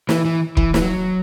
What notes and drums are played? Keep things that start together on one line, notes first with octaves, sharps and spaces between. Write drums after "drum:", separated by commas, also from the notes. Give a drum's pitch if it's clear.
E3, drum: snare
E3
E3, drum: kick
E3, drum: snare
F#3